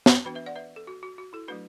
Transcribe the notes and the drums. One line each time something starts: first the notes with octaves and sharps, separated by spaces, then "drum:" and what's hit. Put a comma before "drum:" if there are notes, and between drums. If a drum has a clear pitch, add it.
drum: snare
E3 B3 D4 F#4 B4
B4 E5
D5 F#5
B4 E5
A4
F#4
F#4
F#4
E4 A4
F#3 A3 D4 F#4 B4